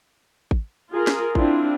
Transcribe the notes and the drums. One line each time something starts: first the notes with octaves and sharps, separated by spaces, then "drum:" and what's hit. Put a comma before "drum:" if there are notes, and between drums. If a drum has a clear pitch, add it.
drum: kick
F4 G#4 A#4
drum: snare
C4 D4 E4 F4, drum: kick